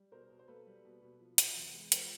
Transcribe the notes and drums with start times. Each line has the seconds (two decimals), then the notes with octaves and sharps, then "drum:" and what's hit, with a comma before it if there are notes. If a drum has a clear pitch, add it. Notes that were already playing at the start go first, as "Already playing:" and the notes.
Already playing: G3
0.12 B2 A#4 C5
0.29 B2
0.39 C5
0.48 A#3 A4 B4
0.66 G3
0.85 B2
1.01 B2
1.20 F3
1.38 C3, drum: hi-hat
1.56 E2
1.75 G#3
1.92 F3 A#4 C5, drum: hi-hat